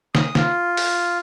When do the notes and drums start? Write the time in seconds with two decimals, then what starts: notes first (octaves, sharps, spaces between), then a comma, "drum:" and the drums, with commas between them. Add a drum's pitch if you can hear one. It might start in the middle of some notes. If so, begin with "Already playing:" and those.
0.15 D#6, drum: snare
0.35 F4, drum: snare
0.77 drum: open hi-hat